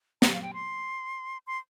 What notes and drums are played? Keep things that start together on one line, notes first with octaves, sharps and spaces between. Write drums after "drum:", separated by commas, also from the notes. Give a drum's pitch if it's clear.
A#5, drum: snare
F5
G5
C6
C6